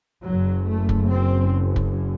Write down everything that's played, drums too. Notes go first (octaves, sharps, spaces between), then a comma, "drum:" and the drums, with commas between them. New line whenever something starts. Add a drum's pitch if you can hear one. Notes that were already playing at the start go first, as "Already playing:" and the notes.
F#1 F#2 F#3
A3
drum: kick
C4
drum: kick